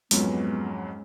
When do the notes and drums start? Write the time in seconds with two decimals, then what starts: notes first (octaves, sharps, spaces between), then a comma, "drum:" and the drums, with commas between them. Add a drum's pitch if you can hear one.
0.11 F2 G#2 F#3 G#3 B3 C#4, drum: open hi-hat